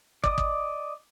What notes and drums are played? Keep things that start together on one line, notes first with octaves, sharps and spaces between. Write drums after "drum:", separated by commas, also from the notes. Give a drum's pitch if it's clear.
D5 D#5 D#6, drum: kick
drum: kick